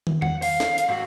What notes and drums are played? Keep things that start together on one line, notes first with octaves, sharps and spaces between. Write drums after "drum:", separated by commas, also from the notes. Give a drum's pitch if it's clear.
drum: tom
F#5, drum: tom
F5, drum: open hi-hat
drum: snare
drum: hi-hat
G#2 F#4